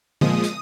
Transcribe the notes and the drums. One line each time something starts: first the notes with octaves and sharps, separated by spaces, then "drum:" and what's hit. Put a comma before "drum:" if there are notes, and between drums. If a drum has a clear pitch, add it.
A#2 F3 G#3 D#6, drum: tom D3
drum: hi-hat